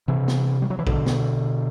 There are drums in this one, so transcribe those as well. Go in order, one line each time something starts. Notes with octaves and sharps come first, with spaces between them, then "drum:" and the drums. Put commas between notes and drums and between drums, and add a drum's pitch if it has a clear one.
C3 E3
drum: snare
G3
F#3
E3
B2 D3, drum: kick A#1
drum: snare